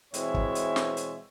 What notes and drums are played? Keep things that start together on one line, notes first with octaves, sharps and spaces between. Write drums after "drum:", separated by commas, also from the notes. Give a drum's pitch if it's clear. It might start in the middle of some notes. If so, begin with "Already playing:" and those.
B2 E3 G#3 C4 C#5 E5, drum: hi-hat
drum: kick
drum: hi-hat
drum: snare
drum: hi-hat